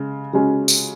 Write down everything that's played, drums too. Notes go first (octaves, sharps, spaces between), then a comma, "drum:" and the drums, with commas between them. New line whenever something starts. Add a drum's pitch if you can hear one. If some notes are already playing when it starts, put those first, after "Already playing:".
Already playing: C#3 G#3
C#3 G#3 C#4 F#4
drum: tambourine